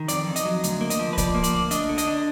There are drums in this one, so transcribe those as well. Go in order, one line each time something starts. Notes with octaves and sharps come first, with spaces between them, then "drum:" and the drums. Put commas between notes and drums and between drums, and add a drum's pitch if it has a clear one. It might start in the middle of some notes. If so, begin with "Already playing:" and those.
Already playing: D#3
F2 D5, drum: hi-hat
F2
D#5, drum: hi-hat
F#3
D2, drum: hi-hat
A#3
D#5, drum: hi-hat
F3
B4
F3 D5, drum: kick, hi-hat
A#3
D5, drum: hi-hat
D2
D4 D#5, drum: hi-hat
D3
D#5, drum: hi-hat
D4